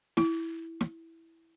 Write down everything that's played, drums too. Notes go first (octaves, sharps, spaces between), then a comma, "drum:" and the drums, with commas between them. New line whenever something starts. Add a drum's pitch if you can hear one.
E4, drum: snare
drum: snare